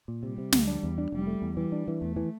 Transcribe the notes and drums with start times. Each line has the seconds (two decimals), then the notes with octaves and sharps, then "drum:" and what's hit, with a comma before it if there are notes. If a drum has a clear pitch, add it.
0.08 A#2
0.23 C3 G3
0.38 C3
0.52 D2, drum: snare
0.67 D4
0.83 E2
0.98 D4
1.12 F1 G3
1.27 A3
1.42 E2
1.57 E3 G3
1.72 D4
1.88 E3
2.02 E2 A3
2.16 E3